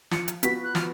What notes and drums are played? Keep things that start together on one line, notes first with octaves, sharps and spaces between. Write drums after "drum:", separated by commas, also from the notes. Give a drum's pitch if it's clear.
F3 C#7, drum: snare
drum: hi-hat
B3 F#4 B6, drum: hi-hat
F#6
F3 F6, drum: snare